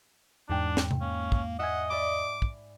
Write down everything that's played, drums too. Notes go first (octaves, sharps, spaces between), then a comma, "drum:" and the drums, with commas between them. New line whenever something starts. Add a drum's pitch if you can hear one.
E2 G#2 D4 G5
drum: snare
drum: tom C3
A#3 C#4
drum: kick
D#5 E5 F#5 G#5 G#6
D5 E5 B5 D6
drum: kick